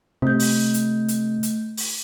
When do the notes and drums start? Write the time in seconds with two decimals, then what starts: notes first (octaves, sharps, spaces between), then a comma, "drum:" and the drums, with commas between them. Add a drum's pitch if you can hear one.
0.22 C3 A3 G6
0.40 drum: open hi-hat
0.74 drum: hi-hat
1.08 drum: hi-hat
1.43 drum: hi-hat
1.77 drum: open hi-hat